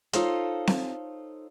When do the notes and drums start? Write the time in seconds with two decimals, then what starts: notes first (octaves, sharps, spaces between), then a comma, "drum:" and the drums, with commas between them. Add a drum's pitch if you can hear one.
0.13 D#4 F4 A4 C5 C#5, drum: hi-hat
0.67 drum: snare C4